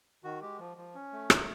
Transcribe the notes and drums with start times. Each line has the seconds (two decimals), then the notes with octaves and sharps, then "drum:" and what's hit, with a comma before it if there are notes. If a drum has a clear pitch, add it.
0.24 D#3 F#4
0.41 G#3 G4
0.59 F3
0.77 F3
0.95 C#4
1.13 A3
1.30 B2 A#4, drum: rim click